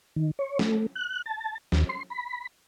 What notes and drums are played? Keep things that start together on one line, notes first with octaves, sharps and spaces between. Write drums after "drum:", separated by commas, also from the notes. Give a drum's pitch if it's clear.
D#3
C#5
A3, drum: snare
F#6
A5
D#2, drum: snare
C6
B5